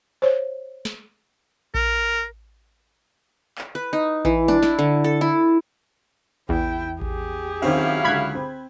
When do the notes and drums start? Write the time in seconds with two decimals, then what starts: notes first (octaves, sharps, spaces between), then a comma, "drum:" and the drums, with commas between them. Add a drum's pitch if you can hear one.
0.22 C5 C#5
0.85 drum: snare
1.75 A#4, drum: kick A1
3.58 drum: clap
3.75 B4
3.93 D#4
4.25 E3, drum: kick A1
4.48 D4, drum: tom G3
4.63 E4, drum: snare
4.79 D3
5.04 A4
5.21 E4
6.49 E2 E4 G5, drum: kick A1
7.02 G4 G#4, drum: kick A1
7.62 D#3 F#3 C4 C#4 E4 F5, drum: cymbal
8.04 C#2 D3 B5 F#6 G#6
8.35 C4